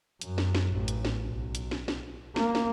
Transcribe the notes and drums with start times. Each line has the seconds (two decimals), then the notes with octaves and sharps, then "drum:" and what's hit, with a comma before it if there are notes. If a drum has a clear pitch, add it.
0.21 F#2, drum: hi-hat
0.38 drum: snare
0.55 drum: snare
0.71 A1
0.88 drum: hi-hat
1.05 drum: snare
1.25 B1
1.55 drum: hi-hat
1.71 drum: snare
1.88 drum: snare
2.36 A#3, drum: snare
2.55 drum: snare